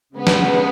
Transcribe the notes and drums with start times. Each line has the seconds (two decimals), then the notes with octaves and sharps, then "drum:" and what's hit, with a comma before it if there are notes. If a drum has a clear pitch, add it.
0.16 C#3 G#3 B3
0.27 drum: snare